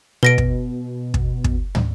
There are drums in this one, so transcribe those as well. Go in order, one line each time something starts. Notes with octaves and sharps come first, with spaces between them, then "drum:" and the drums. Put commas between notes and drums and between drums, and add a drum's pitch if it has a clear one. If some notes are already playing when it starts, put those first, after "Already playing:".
B2 B4 A#6 D7
drum: kick
drum: kick
drum: kick
drum: tom